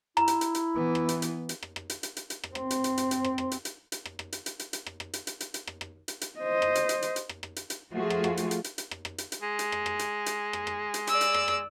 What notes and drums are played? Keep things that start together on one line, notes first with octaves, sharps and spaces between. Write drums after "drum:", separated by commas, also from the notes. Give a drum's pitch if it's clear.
E4 A#5, drum: rim click
drum: hi-hat
drum: hi-hat
drum: hi-hat
E3 B3
drum: rim click
drum: hi-hat
drum: hi-hat
drum: hi-hat
drum: rim click
drum: rim click
drum: hi-hat
drum: hi-hat
drum: hi-hat
drum: hi-hat
drum: rim click
C4, drum: rim click
drum: hi-hat
drum: hi-hat
drum: hi-hat
drum: hi-hat
drum: rim click
drum: rim click
drum: hi-hat
drum: hi-hat
drum: hi-hat
drum: rim click
drum: rim click
drum: hi-hat
drum: hi-hat
drum: hi-hat
drum: hi-hat
drum: rim click
drum: rim click
drum: hi-hat
drum: hi-hat
drum: hi-hat
drum: hi-hat
drum: rim click
drum: rim click
drum: hi-hat
drum: hi-hat
C5 D#5
drum: rim click
drum: hi-hat
drum: hi-hat
drum: hi-hat
drum: hi-hat
drum: rim click
drum: rim click
drum: hi-hat
drum: hi-hat
F3 A3 F4 F#4 G#4
drum: rim click
drum: rim click
drum: hi-hat
drum: hi-hat
drum: hi-hat
drum: hi-hat
drum: rim click
drum: rim click
drum: hi-hat
drum: hi-hat
G#3
drum: hi-hat
drum: rim click
drum: rim click
drum: hi-hat
drum: hi-hat
drum: rim click
drum: rim click
drum: hi-hat
D5 E6, drum: hi-hat
drum: hi-hat
drum: rim click
drum: rim click